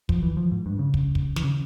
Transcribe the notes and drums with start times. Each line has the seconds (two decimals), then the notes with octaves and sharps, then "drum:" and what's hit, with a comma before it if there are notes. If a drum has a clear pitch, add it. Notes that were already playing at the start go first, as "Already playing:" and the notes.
0.09 F3, drum: kick
0.22 E3
0.37 F3
0.51 G#2
0.66 G2
0.79 C#3
0.94 drum: kick
1.15 drum: kick
1.36 E3, drum: snare
1.44 C#3